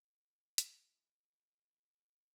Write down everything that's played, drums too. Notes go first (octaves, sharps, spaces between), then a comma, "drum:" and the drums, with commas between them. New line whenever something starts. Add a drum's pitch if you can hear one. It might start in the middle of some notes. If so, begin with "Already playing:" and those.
G#3 E4
drum: hi-hat